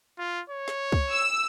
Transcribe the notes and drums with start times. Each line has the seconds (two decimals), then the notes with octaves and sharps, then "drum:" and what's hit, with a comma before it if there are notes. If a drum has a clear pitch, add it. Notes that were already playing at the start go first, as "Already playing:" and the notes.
0.18 F4
0.50 C#5
0.68 drum: snare
0.92 drum: kick
1.10 E6